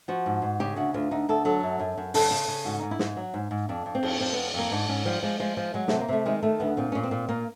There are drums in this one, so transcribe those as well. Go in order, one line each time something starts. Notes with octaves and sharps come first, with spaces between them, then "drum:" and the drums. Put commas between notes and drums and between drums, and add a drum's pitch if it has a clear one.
F3 F#4
G#2
G#2
C#3 G4
D2 F#4
D2 F4
D2 D#4
D2 A4
F#3 A4
F#2
F#2
F#2
C#3 A4, drum: open hi-hat
C#3
C#3
G#2 F#4
G#2 D#4
E4
G#2, drum: snare
F#3
G#2
G#2
F2 D4
F2
C4
F2, drum: cymbal
F2 C4
F2 B3
F2 A#3
G#2 D4
G#2 C#4
F3 G3
F3 G#3
F3 G#3
F3 G#3
F#3 G#3
C3 A3, drum: snare
A#3
C3 A3
D#3 G#3
D#3 A3
D2 B3
A#2 C4
A#2 C#4
C4
A#2
A#2 A#3